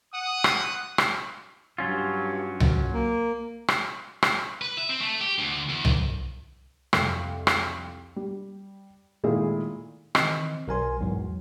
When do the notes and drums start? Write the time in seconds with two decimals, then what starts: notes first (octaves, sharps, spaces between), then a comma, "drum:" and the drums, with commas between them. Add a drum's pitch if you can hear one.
0.13 F#5 D#6
0.44 drum: rim click
0.98 drum: rim click
1.78 G2 F#3 C#4 F4
2.60 drum: tom C2
2.93 A#3
3.68 drum: rim click
4.23 drum: rim click
4.62 B4
4.77 E5
4.89 C4
5.02 A3
5.21 G4
5.39 D2
5.69 E2
5.85 drum: tom C2
6.93 C2 F2, drum: rim click
7.47 drum: rim click
8.16 G3
9.23 A#2 D#3 G#3 A3 E4 G#4
10.15 D#3 E3 C4 D#5, drum: rim click
10.68 B1 A#4 G#5 C6
11.01 E2 G#2 E3 F#3